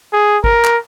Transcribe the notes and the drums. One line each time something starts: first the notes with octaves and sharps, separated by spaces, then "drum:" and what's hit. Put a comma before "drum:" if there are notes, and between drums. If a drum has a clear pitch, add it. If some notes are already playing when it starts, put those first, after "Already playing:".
G#4
A#4, drum: kick G#1
drum: clap